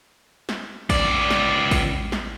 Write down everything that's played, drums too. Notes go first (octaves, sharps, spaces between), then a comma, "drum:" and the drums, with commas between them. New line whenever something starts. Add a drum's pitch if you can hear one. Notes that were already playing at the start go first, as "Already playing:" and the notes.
drum: snare
C#2 D5, drum: kick A1, open hi-hat
drum: snare
drum: kick A1, open hi-hat
drum: snare